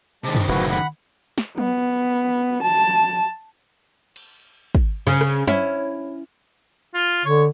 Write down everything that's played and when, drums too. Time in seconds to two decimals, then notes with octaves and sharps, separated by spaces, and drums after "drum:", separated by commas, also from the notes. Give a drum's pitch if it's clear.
0.24 C3 D#3 G#3 A5
0.35 drum: tom F#2
0.48 F#1 A2 F#4 B4
0.70 F#5 B5
1.38 drum: snare
1.58 B3, drum: tom F#3
2.63 A5
4.16 drum: cymbal
4.75 drum: kick
5.07 C#3, drum: cymbal
5.21 drum: rim click
5.48 C#4 E4, drum: tom F#3
6.94 F4
7.26 D3 C#5